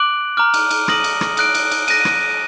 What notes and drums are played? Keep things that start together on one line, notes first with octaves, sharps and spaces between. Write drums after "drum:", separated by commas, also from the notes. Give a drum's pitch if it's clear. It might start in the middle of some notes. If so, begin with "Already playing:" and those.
Already playing: D6 F#6 D7 F#7
A#5 D6 F6
drum: cymbal
drum: cymbal
D#6 A#6 D#7 F#7, drum: rim click
drum: cymbal
drum: rim click
D#6 F#6 D7, drum: cymbal
drum: cymbal
drum: cymbal
F#6 A#6 D#7, drum: cymbal
drum: rim click